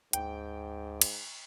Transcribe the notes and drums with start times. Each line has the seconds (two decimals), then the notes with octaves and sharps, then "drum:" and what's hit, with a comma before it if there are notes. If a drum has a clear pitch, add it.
0.13 D2 G#2 G5, drum: hi-hat
1.01 drum: cymbal